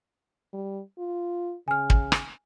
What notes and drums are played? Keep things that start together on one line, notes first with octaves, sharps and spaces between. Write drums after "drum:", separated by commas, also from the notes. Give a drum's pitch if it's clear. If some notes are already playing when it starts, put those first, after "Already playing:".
G3
F4
C#3 G#5 F6
drum: kick
drum: rim click